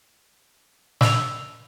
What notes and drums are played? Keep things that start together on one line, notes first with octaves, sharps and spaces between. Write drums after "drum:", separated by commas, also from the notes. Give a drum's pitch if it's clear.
E6 F7, drum: snare